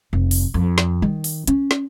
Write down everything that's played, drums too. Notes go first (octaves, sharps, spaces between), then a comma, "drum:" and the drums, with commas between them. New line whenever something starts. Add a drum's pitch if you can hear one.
F1
drum: open hi-hat
F2
drum: snare
D#3, drum: tom G3
drum: open hi-hat
C#4, drum: hi-hat
drum: snare